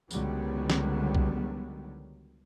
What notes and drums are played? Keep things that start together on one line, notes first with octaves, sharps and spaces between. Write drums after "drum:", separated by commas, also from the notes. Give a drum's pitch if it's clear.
C#2 D3 D#3 F#3 G3 B3, drum: tambourine
drum: snare
drum: kick